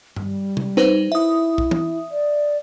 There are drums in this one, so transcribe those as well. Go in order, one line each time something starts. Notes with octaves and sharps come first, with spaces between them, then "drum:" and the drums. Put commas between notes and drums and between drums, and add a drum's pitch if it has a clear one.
G3, drum: tom G2
drum: tom C3
D#4 B4 C5, drum: snare
E4 E5 D#6
drum: kick
drum: tom
D5